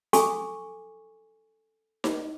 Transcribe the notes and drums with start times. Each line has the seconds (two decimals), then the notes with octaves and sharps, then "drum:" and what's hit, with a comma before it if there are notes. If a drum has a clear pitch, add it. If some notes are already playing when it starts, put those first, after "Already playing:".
0.13 A4 G#5 C#6 D6, drum: hi-hat
2.04 drum: snare D#4